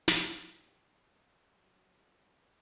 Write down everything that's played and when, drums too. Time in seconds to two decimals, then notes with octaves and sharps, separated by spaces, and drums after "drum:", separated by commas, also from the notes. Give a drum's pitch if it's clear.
0.08 G4 A5, drum: snare
1.58 F#3